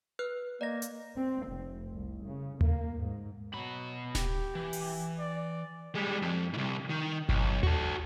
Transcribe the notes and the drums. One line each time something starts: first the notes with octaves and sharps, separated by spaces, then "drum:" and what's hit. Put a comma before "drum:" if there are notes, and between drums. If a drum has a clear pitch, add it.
B4 F6 F#6
A#3 D5 D#5 A#6
drum: hi-hat
C4
F1
C2
C#3
A#3, drum: tom D#2
G#2
B2 F#3 B5
G4, drum: snare D1
E3
drum: open hi-hat
D5
G3 G#3
F2
C2 G#2
D#3
B1, drum: kick G1
F#4 A4, drum: tom D#2